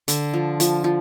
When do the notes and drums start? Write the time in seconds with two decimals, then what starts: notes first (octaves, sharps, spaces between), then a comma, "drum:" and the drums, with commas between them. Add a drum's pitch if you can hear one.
0.08 D3, drum: hi-hat
0.34 F3
0.60 F3, drum: hi-hat
0.84 F3